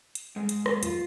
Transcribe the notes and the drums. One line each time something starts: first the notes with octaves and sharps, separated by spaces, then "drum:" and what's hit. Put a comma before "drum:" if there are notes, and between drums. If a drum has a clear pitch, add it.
drum: hi-hat
G#2 G#3
drum: hi-hat
drum: rim click
F4, drum: hi-hat